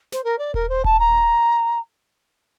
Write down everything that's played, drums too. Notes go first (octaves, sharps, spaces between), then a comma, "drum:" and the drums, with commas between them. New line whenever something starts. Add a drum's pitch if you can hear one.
C5, drum: snare
A#4
D5
A#4, drum: kick D#1
C5
A5, drum: kick D#1
A#5